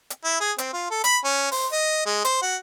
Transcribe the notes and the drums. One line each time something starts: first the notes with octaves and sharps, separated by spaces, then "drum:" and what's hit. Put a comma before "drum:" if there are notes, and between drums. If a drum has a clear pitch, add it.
drum: hi-hat
E4
G#4
C4, drum: hi-hat
F4
A4
B5, drum: hi-hat
C#4
C5, drum: open hi-hat
D#5
G#3
C5, drum: hi-hat
F#4